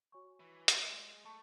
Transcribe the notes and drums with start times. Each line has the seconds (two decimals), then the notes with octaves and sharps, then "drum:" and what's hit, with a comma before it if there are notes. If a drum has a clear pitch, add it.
0.12 F#4 C#5 G#5 C#6
0.40 E3
0.68 G#3, drum: hi-hat
0.96 G#3
1.25 A3 A5 C#6